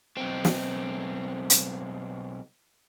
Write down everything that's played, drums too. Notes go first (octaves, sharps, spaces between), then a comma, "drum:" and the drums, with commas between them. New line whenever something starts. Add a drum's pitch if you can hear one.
B1 C4
drum: snare
drum: hi-hat